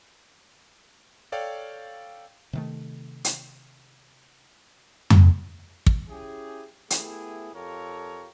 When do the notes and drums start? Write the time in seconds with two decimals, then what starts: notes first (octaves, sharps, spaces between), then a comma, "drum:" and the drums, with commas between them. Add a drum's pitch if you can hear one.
1.32 A4 C#5 D5 F5 G5
2.53 C3 D#3 A3
3.24 drum: hi-hat
5.10 drum: tom F2
5.86 drum: kick
6.09 C#4 E4 G4 G#4
6.90 A3 B3 E4 G4 G#4, drum: hi-hat
7.54 F2 F4 G4 A4 A#4 C#5